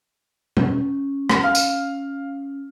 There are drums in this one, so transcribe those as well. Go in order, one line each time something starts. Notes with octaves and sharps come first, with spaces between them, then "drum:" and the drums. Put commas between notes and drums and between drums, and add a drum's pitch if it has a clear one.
C#4, drum: tom
drum: rim click
F5 F6
drum: tambourine